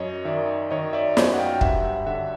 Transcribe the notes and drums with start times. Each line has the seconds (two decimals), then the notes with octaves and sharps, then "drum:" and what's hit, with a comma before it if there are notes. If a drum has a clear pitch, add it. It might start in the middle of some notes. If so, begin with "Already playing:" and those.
Already playing: F#2 C#5 D#5
0.25 D#3 D5 E5
0.70 D#3 C#5 D#5
0.93 D5 E5
1.17 F#2 C#5 D#5, drum: snare
1.34 F#5
1.39 F5 G5
1.54 G5
1.61 G2 E5 F#5, drum: kick
1.84 E5 F#5
2.06 D3 E5 F#5